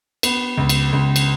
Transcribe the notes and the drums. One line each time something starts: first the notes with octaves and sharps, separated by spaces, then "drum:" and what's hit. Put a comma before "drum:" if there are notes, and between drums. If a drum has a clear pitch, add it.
B3, drum: cymbal
C#2
drum: cymbal
C#2
drum: cymbal